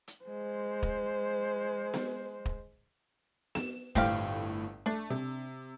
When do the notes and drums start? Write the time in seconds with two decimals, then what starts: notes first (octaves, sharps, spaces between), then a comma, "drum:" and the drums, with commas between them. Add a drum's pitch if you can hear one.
0.08 drum: hi-hat
0.25 G#3 C5
0.83 drum: kick
1.94 drum: snare B3
2.45 drum: kick
3.55 E7, drum: snare B3
3.95 G1 A2 C4 G4 F5, drum: kick
4.86 A3 D4
5.10 C3